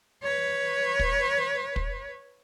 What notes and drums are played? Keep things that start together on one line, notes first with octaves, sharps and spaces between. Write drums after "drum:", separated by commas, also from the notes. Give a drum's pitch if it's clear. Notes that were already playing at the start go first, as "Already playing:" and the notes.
B4 C#5
drum: kick
drum: kick